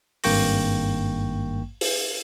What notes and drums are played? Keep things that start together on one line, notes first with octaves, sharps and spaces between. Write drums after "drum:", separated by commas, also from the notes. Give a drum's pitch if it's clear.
G#1 G2 A#3 G5 C#6 A#6, drum: open hi-hat
drum: open hi-hat